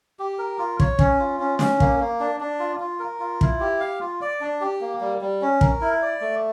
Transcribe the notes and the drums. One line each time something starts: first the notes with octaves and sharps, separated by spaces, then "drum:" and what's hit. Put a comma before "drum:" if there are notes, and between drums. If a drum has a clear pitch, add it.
G4
A#4
F4
C#5, drum: kick
C#4, drum: kick
F4
C#4
C#4, drum: snare
A#3, drum: kick
A#3
D4
D4
F4
F4
A#4
F4
E4, drum: kick
G4
F5
F4
D5
D4
G4
A#3
G3
G3
C#4
A#4, drum: kick
E4
D5
A3